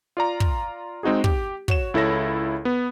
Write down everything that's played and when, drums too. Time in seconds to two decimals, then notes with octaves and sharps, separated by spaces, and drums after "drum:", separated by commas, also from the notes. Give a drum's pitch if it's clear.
0.17 F4 D5 A#5
0.40 drum: kick
1.03 G#3 C4 D#4 F#4 G#4
1.24 G4, drum: kick
1.68 F#4 C#5 E7, drum: kick
1.94 C#2 E4 A4 C#5 A#6
2.65 B3